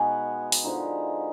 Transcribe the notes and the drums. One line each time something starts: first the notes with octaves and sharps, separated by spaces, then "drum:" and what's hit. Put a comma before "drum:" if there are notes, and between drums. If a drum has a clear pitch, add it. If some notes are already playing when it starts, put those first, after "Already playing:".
Already playing: B2 G#3 B3 D#4 F#5 G#5
drum: open hi-hat
D3 F3 G#3 D#4